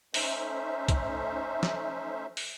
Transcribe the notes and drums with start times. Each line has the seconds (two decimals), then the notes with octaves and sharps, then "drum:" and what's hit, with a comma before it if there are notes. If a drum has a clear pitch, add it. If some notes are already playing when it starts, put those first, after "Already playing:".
0.14 A3 C#4 D#4 C5 E5, drum: open hi-hat
0.88 drum: kick C2, hi-hat
1.63 drum: snare
2.37 drum: open hi-hat